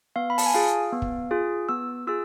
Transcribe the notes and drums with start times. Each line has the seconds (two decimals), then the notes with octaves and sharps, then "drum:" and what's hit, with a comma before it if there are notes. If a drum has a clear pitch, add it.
0.16 B3 F5
0.30 B5
0.38 A5, drum: open hi-hat
0.46 G#5
0.54 F4 G#4 F5
0.92 B3
1.02 drum: kick
1.31 F4 G#4
1.69 B3 E6
2.07 F4 G#4 E6